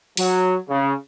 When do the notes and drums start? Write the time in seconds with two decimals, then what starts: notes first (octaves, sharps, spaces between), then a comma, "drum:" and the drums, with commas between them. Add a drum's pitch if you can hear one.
0.17 F#3, drum: open hi-hat
0.68 C#3